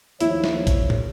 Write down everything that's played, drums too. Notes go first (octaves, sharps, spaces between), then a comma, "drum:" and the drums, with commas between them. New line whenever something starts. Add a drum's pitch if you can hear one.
D#2 F3 E4 C#5, drum: hi-hat
drum: snare
drum: kick, hi-hat
drum: tom